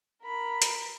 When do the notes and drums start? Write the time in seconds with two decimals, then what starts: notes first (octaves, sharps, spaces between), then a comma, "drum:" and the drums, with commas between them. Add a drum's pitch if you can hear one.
0.23 A#4 B5
0.62 drum: hi-hat